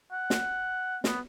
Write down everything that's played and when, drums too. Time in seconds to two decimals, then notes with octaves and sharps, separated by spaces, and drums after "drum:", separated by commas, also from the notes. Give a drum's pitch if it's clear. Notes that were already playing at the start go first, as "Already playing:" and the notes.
0.12 F#5
0.30 drum: snare
1.04 B3, drum: snare